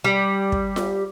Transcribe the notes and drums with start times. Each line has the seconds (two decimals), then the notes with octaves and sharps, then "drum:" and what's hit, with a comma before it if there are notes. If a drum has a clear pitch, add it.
0.04 G3
0.52 drum: kick
0.76 drum: snare F4